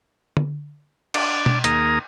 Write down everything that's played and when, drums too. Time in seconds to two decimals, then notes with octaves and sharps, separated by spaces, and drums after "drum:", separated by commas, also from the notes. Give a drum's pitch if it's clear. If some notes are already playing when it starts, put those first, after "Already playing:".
0.37 drum: tom D3
1.14 D4 D5, drum: cymbal
1.46 drum: tom B2
1.64 D#2 A#3 G#4 A#4 A#5 D#6, drum: hi-hat